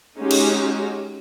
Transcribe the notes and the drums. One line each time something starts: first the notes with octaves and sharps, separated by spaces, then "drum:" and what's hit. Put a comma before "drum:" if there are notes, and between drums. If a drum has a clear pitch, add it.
G#3 C#4 D#4 F#4 G4
drum: cymbal